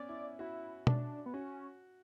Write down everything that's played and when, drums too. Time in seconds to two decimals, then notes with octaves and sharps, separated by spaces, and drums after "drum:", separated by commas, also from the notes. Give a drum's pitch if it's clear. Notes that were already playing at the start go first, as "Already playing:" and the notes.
Already playing: B3 C#4 D5
0.09 E4
0.39 E4 F#4
0.87 D4, drum: tom B2
1.26 B3
1.34 C#4 F#4